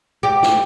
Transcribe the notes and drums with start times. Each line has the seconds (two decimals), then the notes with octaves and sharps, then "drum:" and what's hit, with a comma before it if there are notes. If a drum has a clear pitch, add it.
0.23 G4
0.43 drum: snare